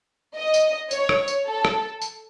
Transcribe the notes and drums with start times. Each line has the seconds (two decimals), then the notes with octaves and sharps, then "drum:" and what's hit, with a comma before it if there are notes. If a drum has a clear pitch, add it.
0.36 D#5
0.54 drum: tambourine
0.91 C#5, drum: tambourine
1.09 drum: rim click
1.28 drum: tambourine
1.46 A4
1.65 drum: rim click
2.02 drum: tambourine